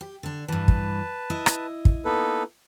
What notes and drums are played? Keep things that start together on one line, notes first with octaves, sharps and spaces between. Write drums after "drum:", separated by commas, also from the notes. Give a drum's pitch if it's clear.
G4
D3 D4
G2 E3 B4 A5
drum: kick
E4 D#5
drum: rim click
drum: kick
A#3 B3 D#4 A4 B4